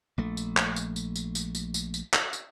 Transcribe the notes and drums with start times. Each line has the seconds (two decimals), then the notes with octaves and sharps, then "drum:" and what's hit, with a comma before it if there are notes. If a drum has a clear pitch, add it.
0.18 A#1 A3
0.37 drum: tambourine
0.57 drum: clap
0.76 drum: tambourine
0.96 drum: tambourine
1.16 drum: tambourine
1.35 drum: tambourine
1.55 drum: tambourine
1.74 drum: tambourine
1.94 drum: tambourine
2.13 drum: clap
2.33 drum: tambourine